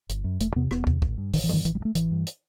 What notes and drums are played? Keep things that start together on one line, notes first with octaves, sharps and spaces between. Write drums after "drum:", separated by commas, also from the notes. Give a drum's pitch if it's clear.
G1, drum: hi-hat
F#2
E1 A3, drum: hi-hat
E2 C3 B3
E1 B3, drum: rim click
E2 C3, drum: kick
A1, drum: kick
G2
A1 D#3, drum: open hi-hat
E3
G2 D#3, drum: tom E3
A1 E3, drum: hi-hat
G3
G2
A3
A1 E3, drum: hi-hat
G2
drum: hi-hat